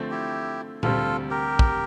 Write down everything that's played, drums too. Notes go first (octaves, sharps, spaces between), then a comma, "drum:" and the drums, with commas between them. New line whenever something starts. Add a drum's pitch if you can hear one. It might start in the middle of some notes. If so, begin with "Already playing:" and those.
Already playing: D3 F3 A3 C4
E4 G4
D2 C3 G3 C4 F4 A4, drum: tom A#2
G4 A#4
drum: kick